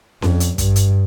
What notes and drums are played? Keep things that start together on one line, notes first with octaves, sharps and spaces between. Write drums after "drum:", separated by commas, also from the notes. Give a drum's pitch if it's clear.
F2, drum: snare C#4
drum: hi-hat
G2, drum: kick, hi-hat
drum: hi-hat